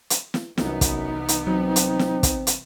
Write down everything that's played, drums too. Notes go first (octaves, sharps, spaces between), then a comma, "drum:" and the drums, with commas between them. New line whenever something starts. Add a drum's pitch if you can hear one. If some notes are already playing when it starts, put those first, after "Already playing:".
drum: hi-hat
drum: snare
C2 F#2 E3 B3 D#4, drum: snare
drum: kick, hi-hat
drum: hi-hat
F#3 C4
drum: hi-hat
drum: snare
drum: kick, hi-hat
drum: hi-hat